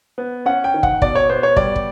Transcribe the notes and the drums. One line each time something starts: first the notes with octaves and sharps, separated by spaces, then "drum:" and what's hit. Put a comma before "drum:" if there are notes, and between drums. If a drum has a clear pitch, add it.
B3
C#4 F#5
G5
D#3
F#5, drum: kick
B2 D5, drum: kick
C#5
B3 C5
C#5
G3 D5, drum: kick
drum: kick